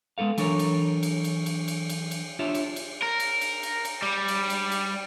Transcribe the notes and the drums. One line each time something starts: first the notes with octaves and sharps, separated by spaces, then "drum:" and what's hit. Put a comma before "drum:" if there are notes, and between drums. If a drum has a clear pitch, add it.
G#3 A#3 B3 A4 F5
E3 F#3 D4 A4 A#4 C#5, drum: cymbal
drum: cymbal
drum: cymbal
drum: cymbal
drum: cymbal
drum: cymbal
drum: cymbal
drum: cymbal
D4 F4 G4 C#5 E5
drum: cymbal
drum: cymbal
A#4
drum: cymbal
drum: cymbal
drum: cymbal
drum: cymbal
G3
drum: cymbal
drum: cymbal
drum: cymbal